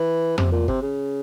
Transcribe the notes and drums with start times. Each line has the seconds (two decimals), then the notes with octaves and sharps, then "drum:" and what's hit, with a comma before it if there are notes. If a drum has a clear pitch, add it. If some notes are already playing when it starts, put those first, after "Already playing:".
Already playing: E3
0.38 C3, drum: tom
0.52 A#2
0.68 C3, drum: kick G1
0.82 C#3